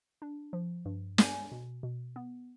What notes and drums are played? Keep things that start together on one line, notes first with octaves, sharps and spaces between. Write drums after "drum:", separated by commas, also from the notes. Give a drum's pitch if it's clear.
D4
F3
G2
B3 G#5, drum: snare
B2
B2
B3